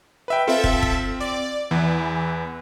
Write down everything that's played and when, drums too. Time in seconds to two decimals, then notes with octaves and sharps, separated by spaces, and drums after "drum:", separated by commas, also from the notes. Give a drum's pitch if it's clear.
0.28 B4 E5 G5
0.47 C4 F4 A4 E5
0.64 drum: kick
0.83 drum: kick
1.20 D5
1.71 E2 E3